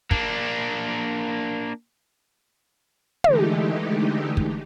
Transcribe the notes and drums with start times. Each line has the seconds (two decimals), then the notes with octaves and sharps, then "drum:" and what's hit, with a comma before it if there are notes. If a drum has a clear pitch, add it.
0.11 A#3 D4, drum: kick
3.24 D3 E3 G#3 A3 D#4 G4, drum: tom
4.37 drum: kick